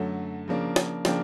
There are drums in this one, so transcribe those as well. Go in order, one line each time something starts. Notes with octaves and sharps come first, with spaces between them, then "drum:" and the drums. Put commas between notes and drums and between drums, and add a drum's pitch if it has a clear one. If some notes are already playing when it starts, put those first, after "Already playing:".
Already playing: F#2 D3 F#3 A3
C#3 F3 A#3 D4
drum: snare
C#3 F3 A#3 D4 G5, drum: snare